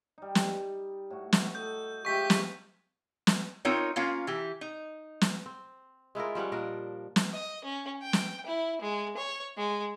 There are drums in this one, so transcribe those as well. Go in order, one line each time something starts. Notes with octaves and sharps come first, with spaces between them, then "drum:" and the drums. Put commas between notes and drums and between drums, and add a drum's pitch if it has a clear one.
G3 D#4
drum: snare
A2 F#4
drum: snare
A4 D#5 G6
F3 G#3 C4 G4 E5 C#6 G6 B6
drum: snare
drum: snare
C4 D#4 F4 A#4 C#5
A#3 C#4 F4 F5
E3 G4
D#4
drum: snare
C4
G#3 E4 F4 A#4
F3 G3 C#4 F#5
A#2 D4 A#4 D#5
drum: snare
D#5
C#4
G5
drum: snare
E4
G#3
C#5
G#3